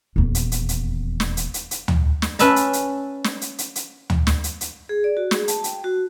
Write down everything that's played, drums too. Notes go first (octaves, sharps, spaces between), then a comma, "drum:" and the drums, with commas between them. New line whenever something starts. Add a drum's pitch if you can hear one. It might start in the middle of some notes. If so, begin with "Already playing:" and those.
D#1 E2
drum: hi-hat
drum: hi-hat
drum: hi-hat
drum: snare
drum: hi-hat
drum: hi-hat
drum: hi-hat
drum: tom
drum: snare
C#4 B4 E5 A5 B5, drum: hi-hat
drum: hi-hat
drum: hi-hat
drum: snare
drum: hi-hat
drum: hi-hat
drum: hi-hat
drum: tom
drum: snare
drum: hi-hat
drum: hi-hat
G#4
D5
F#4
G#4, drum: snare
A5, drum: hi-hat
G5, drum: hi-hat
F#4